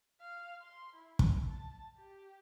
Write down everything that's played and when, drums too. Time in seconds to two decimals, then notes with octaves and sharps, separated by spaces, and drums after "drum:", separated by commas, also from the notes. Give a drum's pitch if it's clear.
0.20 F5
0.61 C6
0.95 E4
1.19 drum: kick
1.47 A5
1.96 G4